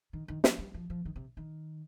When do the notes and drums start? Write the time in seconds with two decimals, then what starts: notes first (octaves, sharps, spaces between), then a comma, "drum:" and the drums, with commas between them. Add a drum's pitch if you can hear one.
0.13 D#3
0.28 D#3
0.44 F3, drum: snare
0.59 G3
0.74 F3
0.90 F3
1.05 D#3
1.16 C3
1.37 D#3